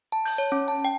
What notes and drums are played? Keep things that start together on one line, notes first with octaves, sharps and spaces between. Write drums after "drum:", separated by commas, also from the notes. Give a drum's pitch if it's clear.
A5
G6, drum: open hi-hat
C#5
C#4
A5
G5